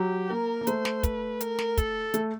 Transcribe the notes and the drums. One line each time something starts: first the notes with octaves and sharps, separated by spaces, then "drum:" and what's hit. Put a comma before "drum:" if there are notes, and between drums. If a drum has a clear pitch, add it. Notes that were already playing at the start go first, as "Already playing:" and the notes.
Already playing: F#3 G4
A#3 A#4
A#3
A3 C5, drum: hi-hat
drum: snare
B4, drum: kick, hi-hat
A#4, drum: hi-hat
drum: snare
A4, drum: kick, hi-hat
A3, drum: hi-hat